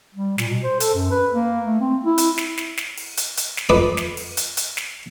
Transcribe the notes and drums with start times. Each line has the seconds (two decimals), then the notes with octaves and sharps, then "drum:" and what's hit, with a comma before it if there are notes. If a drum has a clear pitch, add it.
0.15 G3
0.38 A#2, drum: snare
0.49 B2
0.63 C5
0.80 A4, drum: hi-hat
0.95 F#2
1.11 B4
1.34 A#3
1.66 A3
1.81 C4
2.05 E4
2.18 drum: hi-hat
2.38 drum: snare
2.58 drum: snare
2.77 drum: snare
2.97 drum: open hi-hat
3.17 drum: hi-hat
3.37 drum: hi-hat
3.57 drum: snare
3.69 F2 B4 D6 D#6
3.97 drum: snare
4.17 drum: open hi-hat
4.37 drum: hi-hat
4.57 drum: hi-hat
4.77 drum: snare